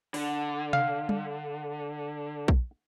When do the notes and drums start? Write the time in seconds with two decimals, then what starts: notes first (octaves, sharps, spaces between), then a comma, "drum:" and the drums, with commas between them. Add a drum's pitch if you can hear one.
0.14 D3, drum: open hi-hat
0.73 F5, drum: tom C3
1.09 drum: tom G3
2.48 drum: kick A#1